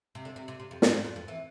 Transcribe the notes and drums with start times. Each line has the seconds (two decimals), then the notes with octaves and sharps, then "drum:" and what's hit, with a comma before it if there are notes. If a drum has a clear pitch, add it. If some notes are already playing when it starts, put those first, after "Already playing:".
0.15 C3
0.25 D3
0.36 C3
0.48 C3
0.60 C3
0.71 F2
0.82 G#2, drum: snare
0.93 G#2
1.05 F2
1.16 F2
1.28 E3